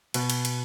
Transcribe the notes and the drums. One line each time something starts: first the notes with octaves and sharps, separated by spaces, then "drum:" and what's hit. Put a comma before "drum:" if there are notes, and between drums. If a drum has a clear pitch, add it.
B2, drum: cymbal
drum: cymbal
drum: cymbal